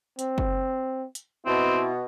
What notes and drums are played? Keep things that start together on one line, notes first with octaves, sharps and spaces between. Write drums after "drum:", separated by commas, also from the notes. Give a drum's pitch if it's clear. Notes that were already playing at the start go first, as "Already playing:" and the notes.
C4, drum: hi-hat
drum: kick F#1
drum: hi-hat
B2 C4 E4